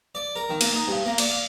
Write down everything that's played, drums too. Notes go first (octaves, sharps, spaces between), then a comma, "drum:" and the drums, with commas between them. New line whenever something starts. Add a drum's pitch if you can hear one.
D5
A#4
D#3
A#3, drum: cymbal
D#4
G2
A#3
D5, drum: cymbal
F5